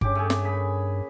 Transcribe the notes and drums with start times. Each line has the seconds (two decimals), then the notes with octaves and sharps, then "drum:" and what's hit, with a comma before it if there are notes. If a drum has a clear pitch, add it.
0.01 G2 C#3 G4 D6, drum: kick G1
0.15 A3 G#4
0.30 drum: snare
0.45 A#3 G#4 B5